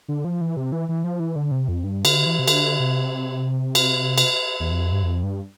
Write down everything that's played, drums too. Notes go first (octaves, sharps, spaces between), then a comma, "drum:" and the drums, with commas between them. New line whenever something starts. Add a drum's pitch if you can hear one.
D3
F3
E3
C3
E3
E3
F3
E3
D3
C3
F2
G2
D3, drum: cymbal
E3
C3
D3, drum: cymbal
C3
drum: cymbal
drum: cymbal
E2
F2
G2
F2
G2